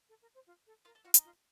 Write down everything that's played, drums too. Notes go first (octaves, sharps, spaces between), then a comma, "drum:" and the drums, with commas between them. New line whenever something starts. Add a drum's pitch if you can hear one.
A4
A#4
C5
F4
A4
F4 A#4 F5
A4 A5
F4 F#4 F#5
D#4 D#5, drum: hi-hat
F4